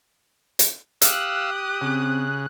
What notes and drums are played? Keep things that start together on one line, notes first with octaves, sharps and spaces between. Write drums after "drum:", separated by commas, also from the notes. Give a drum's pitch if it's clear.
drum: hi-hat
G4 F5 D#6 E6 F#6, drum: hi-hat
C#3 C4